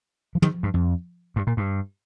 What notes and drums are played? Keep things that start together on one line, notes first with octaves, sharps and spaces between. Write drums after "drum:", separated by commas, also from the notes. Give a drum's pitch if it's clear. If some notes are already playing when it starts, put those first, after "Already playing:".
F3
D#3, drum: tom
G2
F2
G2
A#2
G2